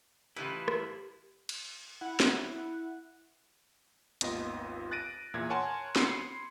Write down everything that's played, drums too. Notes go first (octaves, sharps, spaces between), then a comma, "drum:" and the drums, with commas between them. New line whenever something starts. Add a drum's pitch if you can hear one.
A2 C#3 E3 E4 F4 G4 B4 D#5
drum: rim click
drum: cymbal
E4 F#5
drum: snare
G#1 D#2 B3 F4 D#5, drum: hi-hat
F#6 A6 A#6 D7 D#7
E2 A#2 E5 G#6
A#4 C#5 F#5 G#5 A5 C6
B5 C6 C7 C#7, drum: snare